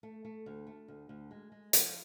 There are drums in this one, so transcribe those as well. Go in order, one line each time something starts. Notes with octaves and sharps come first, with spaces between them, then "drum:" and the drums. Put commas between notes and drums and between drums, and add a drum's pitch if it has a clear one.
A3
A3
D2
A3
D2
D2
G#3
G#3
F3, drum: hi-hat